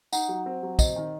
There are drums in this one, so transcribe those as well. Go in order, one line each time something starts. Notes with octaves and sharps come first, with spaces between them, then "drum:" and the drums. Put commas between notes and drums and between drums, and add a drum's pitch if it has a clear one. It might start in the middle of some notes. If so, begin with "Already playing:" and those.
D#4 F#5, drum: tambourine
F#3
C4
F#3
C4 D#5, drum: kick, tambourine
D#3